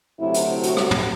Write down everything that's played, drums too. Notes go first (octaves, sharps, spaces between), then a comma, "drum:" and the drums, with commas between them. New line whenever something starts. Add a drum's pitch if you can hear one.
D2 C3 F#3 A3 E4
drum: hi-hat
F#4, drum: hi-hat
drum: rim click
drum: tom